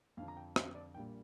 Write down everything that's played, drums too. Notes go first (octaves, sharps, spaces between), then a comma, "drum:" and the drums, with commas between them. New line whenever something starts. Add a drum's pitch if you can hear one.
F2 D3 F3 F5
A#5
G5
F2 D3 F3 F5, drum: rim click
D5
A#1 A#2 G3 G5